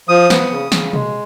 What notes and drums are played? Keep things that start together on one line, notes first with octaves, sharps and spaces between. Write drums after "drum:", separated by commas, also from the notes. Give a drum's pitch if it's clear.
F3 D#6
B3, drum: snare
C#3
C#3, drum: snare
G#3, drum: tom B2